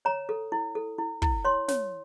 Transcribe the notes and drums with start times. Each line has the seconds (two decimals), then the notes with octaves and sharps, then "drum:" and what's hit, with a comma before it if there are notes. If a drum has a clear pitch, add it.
0.05 C#5 A#5
0.29 A4
0.52 E4
0.75 A4
0.98 E4
1.22 E4, drum: kick
1.45 C#5 C6
1.68 C#5, drum: snare